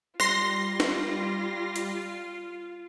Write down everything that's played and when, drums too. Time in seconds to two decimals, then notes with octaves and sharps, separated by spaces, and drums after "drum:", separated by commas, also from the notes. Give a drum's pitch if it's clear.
0.20 G3 F4 C6 A#6, drum: rim click
0.80 drum: snare
1.76 drum: hi-hat